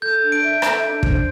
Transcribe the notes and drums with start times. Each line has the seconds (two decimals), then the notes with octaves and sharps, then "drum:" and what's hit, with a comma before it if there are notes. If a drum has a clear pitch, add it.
0.02 A4 G6
0.22 D4
0.32 D7
0.42 E5
0.62 A4, drum: rim click
0.83 D4
1.03 C5, drum: kick